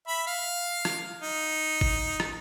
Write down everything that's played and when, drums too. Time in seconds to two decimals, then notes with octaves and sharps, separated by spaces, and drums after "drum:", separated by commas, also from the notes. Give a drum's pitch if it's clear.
0.08 E5 B5
0.27 F5
0.85 drum: rim click
1.22 D#4
1.81 drum: kick G1
2.20 drum: rim click